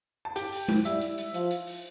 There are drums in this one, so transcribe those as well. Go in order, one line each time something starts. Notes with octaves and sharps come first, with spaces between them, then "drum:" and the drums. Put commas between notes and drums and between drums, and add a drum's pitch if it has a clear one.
A5
G4 G5, drum: hi-hat
drum: open hi-hat
drum: tom G#3
G3 E4 E5, drum: hi-hat
drum: hi-hat
drum: hi-hat
F3, drum: hi-hat
drum: hi-hat
drum: open hi-hat